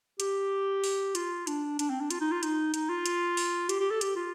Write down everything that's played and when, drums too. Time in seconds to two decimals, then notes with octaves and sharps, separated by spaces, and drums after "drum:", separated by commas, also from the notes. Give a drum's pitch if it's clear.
0.20 G4, drum: hi-hat
0.84 drum: open hi-hat
1.15 F4, drum: hi-hat
1.47 D4, drum: hi-hat
1.79 D4, drum: hi-hat
1.90 C4
2.00 D4
2.10 F4, drum: hi-hat
2.21 D#4
2.32 F4
2.43 D#4, drum: hi-hat
2.74 D#4, drum: hi-hat
2.89 F4
3.06 drum: hi-hat
3.37 drum: open hi-hat
3.69 G4, drum: hi-hat
3.80 G4
3.90 A4
4.01 G4, drum: hi-hat
4.16 F4